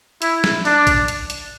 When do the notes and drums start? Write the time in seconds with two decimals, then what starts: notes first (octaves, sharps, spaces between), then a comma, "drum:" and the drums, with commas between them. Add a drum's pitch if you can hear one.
0.22 E4, drum: hi-hat
0.44 drum: snare
0.65 D4, drum: open hi-hat
0.87 drum: kick A1, hi-hat
1.08 drum: hi-hat
1.30 drum: hi-hat